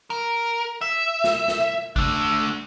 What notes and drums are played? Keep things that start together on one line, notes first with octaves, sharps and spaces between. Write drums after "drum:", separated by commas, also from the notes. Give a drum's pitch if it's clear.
A#4
E5
drum: snare
drum: snare
A3 D4, drum: kick G#1